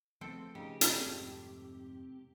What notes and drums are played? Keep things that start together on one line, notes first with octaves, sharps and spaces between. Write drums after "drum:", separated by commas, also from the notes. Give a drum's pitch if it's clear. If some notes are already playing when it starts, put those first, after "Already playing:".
F3 A3 B3 C4 A4 G5
C#3 D#4 G4
C3 G3 A3 C4, drum: hi-hat
F2 G#2